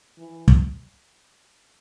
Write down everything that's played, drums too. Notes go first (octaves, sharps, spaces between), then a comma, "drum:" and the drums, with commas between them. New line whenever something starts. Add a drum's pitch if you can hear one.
E3
drum: kick